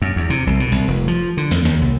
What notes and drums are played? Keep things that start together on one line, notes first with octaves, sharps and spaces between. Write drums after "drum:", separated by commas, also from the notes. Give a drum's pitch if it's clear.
F#2
E2
C3
C2, drum: kick B1
B2
C2, drum: cymbal
F1
F3
D3
F2, drum: snare
D#2, drum: snare
C2